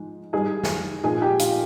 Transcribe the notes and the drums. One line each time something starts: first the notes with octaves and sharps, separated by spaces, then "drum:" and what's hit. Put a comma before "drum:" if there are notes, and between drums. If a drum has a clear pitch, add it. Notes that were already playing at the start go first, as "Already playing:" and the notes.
Already playing: G#2 F3 G#3
G#2 D#3 G3 G#4 G#5
drum: snare
A#2 F3 G#3 G#4 G#5
G4 G5
F4 F5, drum: hi-hat